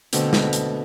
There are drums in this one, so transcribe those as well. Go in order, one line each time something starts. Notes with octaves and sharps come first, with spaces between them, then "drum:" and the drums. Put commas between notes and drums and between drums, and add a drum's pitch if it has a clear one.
B2 D3 A3 C4, drum: hi-hat
drum: snare
drum: hi-hat